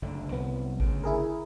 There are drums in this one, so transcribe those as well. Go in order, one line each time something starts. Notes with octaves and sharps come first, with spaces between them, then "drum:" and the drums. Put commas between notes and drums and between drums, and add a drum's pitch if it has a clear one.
F#1 D2 D3
C2 F#3 B3
D2 C#3, drum: kick G#1
E4 G#4 A#4